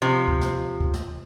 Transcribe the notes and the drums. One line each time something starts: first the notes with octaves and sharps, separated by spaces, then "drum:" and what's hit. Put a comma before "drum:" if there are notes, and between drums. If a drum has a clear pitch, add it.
C3 F3
drum: kick D2
drum: snare
drum: kick D2
drum: snare